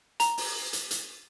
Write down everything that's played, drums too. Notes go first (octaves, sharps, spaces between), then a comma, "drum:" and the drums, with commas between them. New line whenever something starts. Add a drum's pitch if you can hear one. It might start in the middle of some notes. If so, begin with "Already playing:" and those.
A#5, drum: hi-hat
drum: open hi-hat
drum: hi-hat
drum: hi-hat